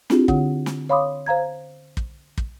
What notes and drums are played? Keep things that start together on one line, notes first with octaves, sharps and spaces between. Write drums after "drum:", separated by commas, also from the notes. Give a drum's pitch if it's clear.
C4 D4 E4 F4 G4 G#4, drum: snare
D3 F#5, drum: kick
drum: snare
C#5 F5 B5 C6 D6 D#6
C5 F5 A#5 G#6
drum: kick
drum: kick